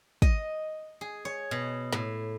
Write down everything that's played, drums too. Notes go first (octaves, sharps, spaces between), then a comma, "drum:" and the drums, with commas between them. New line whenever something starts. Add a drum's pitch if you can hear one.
D#5, drum: kick
G#4
C#5
B2
A2, drum: snare